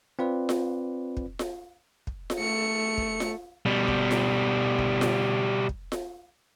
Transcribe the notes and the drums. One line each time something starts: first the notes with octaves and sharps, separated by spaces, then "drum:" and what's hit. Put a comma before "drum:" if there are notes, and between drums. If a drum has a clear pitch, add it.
C4 F4 B4 D5
drum: snare F4
drum: kick
drum: snare F4
drum: kick
drum: snare F4
A3 C#7
drum: kick
drum: snare F4
B2 G3
drum: kick
drum: snare F4
drum: kick
drum: snare F4
drum: kick
drum: snare F4